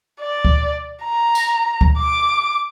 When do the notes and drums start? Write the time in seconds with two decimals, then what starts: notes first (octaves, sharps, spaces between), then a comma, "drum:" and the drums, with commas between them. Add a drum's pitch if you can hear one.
0.20 D5
0.45 drum: kick D2
1.04 A#5
1.35 drum: tambourine
1.81 drum: kick D2
1.98 D6